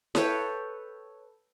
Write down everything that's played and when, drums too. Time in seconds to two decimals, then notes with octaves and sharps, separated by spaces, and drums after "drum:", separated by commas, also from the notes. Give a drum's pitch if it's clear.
0.15 A4 B4 C#5 G5, drum: snare E4